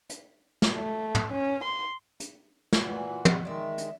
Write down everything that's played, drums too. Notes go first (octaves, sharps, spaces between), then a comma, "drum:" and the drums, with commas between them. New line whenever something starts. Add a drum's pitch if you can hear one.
drum: hi-hat
drum: snare
A3
drum: tom
C#4
C6
drum: hi-hat
drum: snare
A#2 E3 F#4
G#2 G3 G#3, drum: tom
D#3 G#3 D5 E5
drum: hi-hat